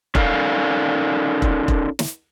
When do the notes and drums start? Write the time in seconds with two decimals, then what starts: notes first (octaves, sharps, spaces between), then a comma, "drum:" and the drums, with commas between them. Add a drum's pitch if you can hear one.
0.15 C#4 D#4 A4 A#4 D5 F5, drum: kick E1
1.42 drum: kick E1
1.68 drum: kick E1
1.99 drum: snare